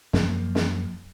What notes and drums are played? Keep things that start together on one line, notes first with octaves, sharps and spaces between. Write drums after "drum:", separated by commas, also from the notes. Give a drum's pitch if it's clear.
F#2 F3 A#3, drum: snare
drum: snare